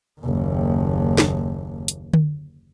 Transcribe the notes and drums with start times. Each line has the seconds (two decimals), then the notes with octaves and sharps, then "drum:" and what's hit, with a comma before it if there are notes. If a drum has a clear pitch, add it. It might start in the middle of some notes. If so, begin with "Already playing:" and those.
0.21 F#1 D#2
1.18 drum: snare
1.88 drum: hi-hat
2.13 drum: tom D3